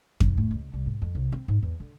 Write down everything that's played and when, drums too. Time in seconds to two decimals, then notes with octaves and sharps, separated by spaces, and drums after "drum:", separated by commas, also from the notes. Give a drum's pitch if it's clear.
0.20 B1, drum: kick F2
0.37 A2
0.51 C#2
0.74 C2
0.86 G#2
1.02 F2
1.15 C2
1.32 C4
1.48 G#2
1.63 E2
1.80 D3